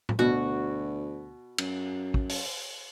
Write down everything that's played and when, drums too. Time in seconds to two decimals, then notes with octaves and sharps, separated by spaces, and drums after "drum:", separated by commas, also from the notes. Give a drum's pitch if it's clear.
0.09 drum: tom A2
0.19 D2 B2 F#4
1.58 F#2, drum: cymbal
2.14 drum: kick
2.29 drum: open hi-hat